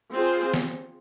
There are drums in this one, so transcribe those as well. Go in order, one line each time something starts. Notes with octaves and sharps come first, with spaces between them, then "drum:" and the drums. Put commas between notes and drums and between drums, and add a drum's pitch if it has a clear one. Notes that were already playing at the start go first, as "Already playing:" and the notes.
C4 F4 G#4 C5
drum: snare